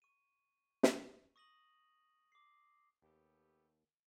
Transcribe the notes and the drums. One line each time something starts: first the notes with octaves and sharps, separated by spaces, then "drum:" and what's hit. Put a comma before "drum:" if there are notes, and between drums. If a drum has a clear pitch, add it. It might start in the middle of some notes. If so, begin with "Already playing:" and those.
C#6 D#7
drum: snare
C#6 D#6 A#6 D#7 F#7
D6 C7
D#2 A3 B3 G4